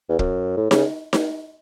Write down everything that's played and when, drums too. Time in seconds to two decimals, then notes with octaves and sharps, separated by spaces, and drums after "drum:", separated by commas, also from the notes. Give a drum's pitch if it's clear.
0.09 E2
0.19 F#2, drum: kick
0.57 A2
0.71 C#3, drum: snare D#4
1.13 drum: snare D#4